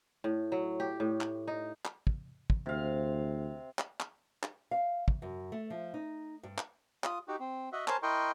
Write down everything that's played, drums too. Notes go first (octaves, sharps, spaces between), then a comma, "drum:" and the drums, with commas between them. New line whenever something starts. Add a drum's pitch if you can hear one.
A2
F#3
G4
A2
drum: clap
D#4
drum: clap
drum: kick
drum: kick
D2 C3 F5
drum: clap
drum: clap
drum: clap
F5
drum: kick
F#2
A3
F3
D#4
G2
drum: clap
F4 D#6, drum: clap
D#4 F#4 G4
C4
F#4 D#5 E5 F#5
A#4 C5 C#5 G#5 A5, drum: clap
E4 A#4 D#5 G5 C6 C#6